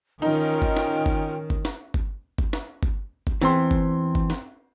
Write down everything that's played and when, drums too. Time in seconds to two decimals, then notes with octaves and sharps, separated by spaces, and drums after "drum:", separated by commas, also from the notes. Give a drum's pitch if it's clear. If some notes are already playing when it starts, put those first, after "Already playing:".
0.22 D#3 C#4 D#4 F4 A#4 G5
0.62 drum: kick G1
0.77 drum: snare
1.06 drum: kick G1
1.50 drum: kick G1
1.65 drum: snare
1.94 drum: kick G1
2.38 drum: kick G1
2.53 drum: snare
2.83 drum: kick G1
3.27 drum: kick G1
3.42 E2 E3 C4 G5 C6, drum: snare
3.71 drum: kick G1
4.15 drum: kick G1
4.30 drum: snare